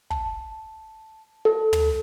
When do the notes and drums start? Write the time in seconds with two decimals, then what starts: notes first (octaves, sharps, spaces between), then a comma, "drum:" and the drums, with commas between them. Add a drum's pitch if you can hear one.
0.10 A5, drum: kick
1.45 A4
1.73 drum: tom